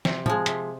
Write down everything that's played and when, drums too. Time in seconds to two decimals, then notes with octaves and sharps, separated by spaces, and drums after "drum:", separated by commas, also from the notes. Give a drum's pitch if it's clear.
0.05 C3, drum: snare
0.26 F3 G#3, drum: tom
0.46 C3, drum: hi-hat